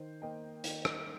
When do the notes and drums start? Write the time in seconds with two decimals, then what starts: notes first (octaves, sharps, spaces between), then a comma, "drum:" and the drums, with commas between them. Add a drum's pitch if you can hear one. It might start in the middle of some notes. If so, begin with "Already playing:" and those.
Already playing: D#3 C5
0.22 A#3 D#5 G5
0.64 D#3, drum: hi-hat
0.85 drum: rim click